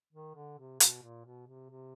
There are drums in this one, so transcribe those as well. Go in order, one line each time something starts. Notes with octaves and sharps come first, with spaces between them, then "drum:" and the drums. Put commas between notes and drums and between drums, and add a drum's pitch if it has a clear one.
D#3
D3
C3
B2, drum: hi-hat
A#2
B2
C3
C3